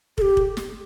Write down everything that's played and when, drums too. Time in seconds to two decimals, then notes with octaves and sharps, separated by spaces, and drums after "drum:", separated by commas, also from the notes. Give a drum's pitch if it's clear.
0.18 A4, drum: kick
0.22 G4
0.37 drum: kick
0.57 drum: snare